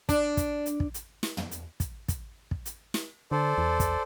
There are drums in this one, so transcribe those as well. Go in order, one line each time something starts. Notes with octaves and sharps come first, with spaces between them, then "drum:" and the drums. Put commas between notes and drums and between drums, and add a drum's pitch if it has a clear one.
D4, drum: kick, hi-hat
drum: kick, hi-hat
drum: hi-hat
drum: kick
drum: hi-hat
drum: snare
drum: tom
drum: hi-hat
drum: kick, hi-hat
drum: kick, hi-hat
drum: kick
drum: hi-hat
drum: snare
D3 A4 C5 D5
E2
drum: kick, hi-hat